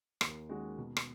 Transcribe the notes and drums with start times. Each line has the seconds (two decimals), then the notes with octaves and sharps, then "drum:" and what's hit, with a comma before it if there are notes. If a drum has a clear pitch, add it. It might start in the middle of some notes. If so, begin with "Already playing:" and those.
0.21 D#2, drum: rim click
0.49 D#3 G#3 C#4 F#4
0.78 B2
0.97 drum: rim click